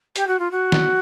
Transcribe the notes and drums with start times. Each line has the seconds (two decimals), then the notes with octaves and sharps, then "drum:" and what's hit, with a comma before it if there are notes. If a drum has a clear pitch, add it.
0.16 G4, drum: hi-hat
0.27 F#4
0.39 F4
0.51 F#4
0.72 drum: snare